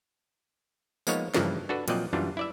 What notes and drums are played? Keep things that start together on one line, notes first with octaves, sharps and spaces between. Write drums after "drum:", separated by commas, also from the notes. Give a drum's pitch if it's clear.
F3 G#3 A#3 B3 D#4 C#5, drum: tambourine
G2 C#3 E3 F3 A#3 D4, drum: snare
D4 F#4 A4 B4
A#2 F3 F#3 C4 D5 D#5, drum: cymbal
F#2 E3 G3 D4 F4
E4 D5 E5